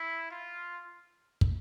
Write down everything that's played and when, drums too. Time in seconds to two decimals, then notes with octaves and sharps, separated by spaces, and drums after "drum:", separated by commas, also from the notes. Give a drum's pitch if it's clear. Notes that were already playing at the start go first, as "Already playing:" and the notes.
Already playing: E4
0.31 F4
1.41 drum: kick